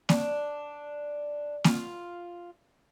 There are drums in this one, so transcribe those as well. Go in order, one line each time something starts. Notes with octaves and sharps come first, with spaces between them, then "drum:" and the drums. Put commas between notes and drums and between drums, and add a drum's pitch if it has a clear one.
D4, drum: snare A#3
F4, drum: snare A#3